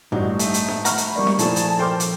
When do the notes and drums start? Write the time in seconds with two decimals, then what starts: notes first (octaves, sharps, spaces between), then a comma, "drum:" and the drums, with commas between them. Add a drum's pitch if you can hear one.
0.12 A1 G2 D4 D#4 F#4
0.39 A3 D#4, drum: hi-hat
0.54 drum: hi-hat
0.68 drum: snare D4
0.85 F#5 A#5 B5 C#6 F6, drum: hi-hat
0.98 drum: hi-hat
1.16 G3 A#3 D5 C#6
1.27 drum: snare D4
1.39 A#2 F3 A3 A#3 E4 G#4 G#5 A5, drum: hi-hat
1.56 drum: hi-hat
1.79 A4 A#4 C5 G5 C6 D6 F6
2.00 drum: hi-hat